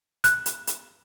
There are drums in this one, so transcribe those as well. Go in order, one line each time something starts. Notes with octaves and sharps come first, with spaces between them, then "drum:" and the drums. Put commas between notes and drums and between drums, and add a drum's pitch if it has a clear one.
F#6, drum: hi-hat
drum: hi-hat
drum: hi-hat